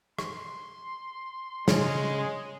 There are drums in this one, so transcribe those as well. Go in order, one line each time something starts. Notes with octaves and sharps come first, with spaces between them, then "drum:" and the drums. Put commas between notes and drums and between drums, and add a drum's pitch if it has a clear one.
C6, drum: rim click
C#3 G#3, drum: snare